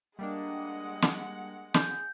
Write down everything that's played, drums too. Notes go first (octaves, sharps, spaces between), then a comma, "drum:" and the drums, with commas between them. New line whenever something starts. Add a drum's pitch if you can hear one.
G3 G#3 A#3 D4 D#5 F#5
drum: snare
G#4 G6, drum: snare